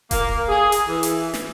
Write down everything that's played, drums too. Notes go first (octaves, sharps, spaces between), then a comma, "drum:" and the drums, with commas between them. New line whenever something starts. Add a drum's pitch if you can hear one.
A#3, drum: kick D#1, hi-hat
G#4
drum: hi-hat
E3
drum: hi-hat
drum: snare